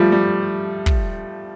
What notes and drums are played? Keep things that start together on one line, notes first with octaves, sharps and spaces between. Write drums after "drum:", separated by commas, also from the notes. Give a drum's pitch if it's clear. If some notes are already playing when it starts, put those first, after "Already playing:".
Already playing: F3 G3 A3
G3
drum: kick